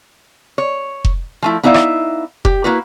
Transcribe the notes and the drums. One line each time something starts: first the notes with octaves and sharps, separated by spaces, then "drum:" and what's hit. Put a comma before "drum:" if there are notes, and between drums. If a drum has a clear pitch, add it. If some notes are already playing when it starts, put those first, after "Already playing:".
C#5
drum: kick F1
F3 A3 E4
B3 D#4 E4 D5 E5 F5
drum: rim click
G4, drum: kick F1
A#3 E4 F#4 B4